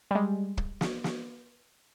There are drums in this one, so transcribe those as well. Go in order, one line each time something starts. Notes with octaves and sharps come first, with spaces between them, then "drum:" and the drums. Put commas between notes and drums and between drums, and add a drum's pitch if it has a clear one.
G3 G#3
drum: kick
drum: snare
drum: snare